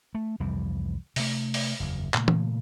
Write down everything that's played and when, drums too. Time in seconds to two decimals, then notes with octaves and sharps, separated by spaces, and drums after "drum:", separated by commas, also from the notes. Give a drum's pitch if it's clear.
0.15 A3
0.40 C2 F2 E3 G3
1.16 C3 A3, drum: open hi-hat
1.54 drum: open hi-hat
1.80 F#1 E2
2.14 A#2 C#3 A3, drum: clap
2.28 drum: tom